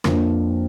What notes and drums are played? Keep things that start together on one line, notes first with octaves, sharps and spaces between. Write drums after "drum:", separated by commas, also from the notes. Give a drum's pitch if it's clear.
F2 F3 A#3 D4 A#4, drum: rim click